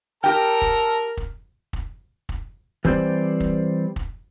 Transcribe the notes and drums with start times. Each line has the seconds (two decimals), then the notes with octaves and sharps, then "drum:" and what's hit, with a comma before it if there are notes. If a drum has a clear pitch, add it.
0.24 G4 A4 A#4 G5 A#5
0.62 drum: kick
1.17 drum: kick
1.73 drum: kick
2.29 drum: kick
2.85 E3 G3 C4 C5 D5, drum: kick
3.40 drum: kick
3.96 drum: kick